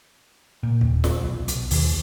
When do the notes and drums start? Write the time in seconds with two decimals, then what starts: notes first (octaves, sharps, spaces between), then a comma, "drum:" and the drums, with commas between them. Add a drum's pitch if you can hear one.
0.63 A#2
0.81 D#1, drum: kick
1.04 drum: snare
1.21 B1
1.48 B1, drum: hi-hat
1.71 D#2, drum: open hi-hat